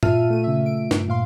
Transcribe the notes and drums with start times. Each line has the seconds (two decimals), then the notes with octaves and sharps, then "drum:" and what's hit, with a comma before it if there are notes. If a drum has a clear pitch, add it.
0.03 A#2 F4 E5 A5 F6 D#7, drum: tom G2
0.30 A3 D#7
0.44 C#3 E5
0.66 D7
0.91 G2, drum: snare
1.09 A#2 F5 C6